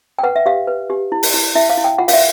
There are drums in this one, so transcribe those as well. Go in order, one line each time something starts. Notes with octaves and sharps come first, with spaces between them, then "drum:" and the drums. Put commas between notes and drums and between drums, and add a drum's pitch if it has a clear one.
G5
B4 F#5
E5
G4 F5
B4
G4
E4
drum: open hi-hat
E4
E4 E5
F5
E4
G5
F4 F#5
F5, drum: open hi-hat
E5